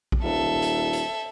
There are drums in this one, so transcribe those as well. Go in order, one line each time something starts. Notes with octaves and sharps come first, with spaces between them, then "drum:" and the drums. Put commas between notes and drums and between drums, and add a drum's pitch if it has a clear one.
drum: kick A#1
D#1 A4 E5
drum: hi-hat
drum: hi-hat